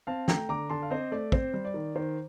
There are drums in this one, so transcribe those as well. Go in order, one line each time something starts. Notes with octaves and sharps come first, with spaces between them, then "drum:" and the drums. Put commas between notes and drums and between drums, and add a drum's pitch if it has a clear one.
C4 F5 A5
A3 G5 A#5, drum: snare
D3 A#5 D6
D3 A5 C6
F5
C4 C5 D#5
A3 D5
C4 C5, drum: kick
G3
D5
D#3
D#3 C5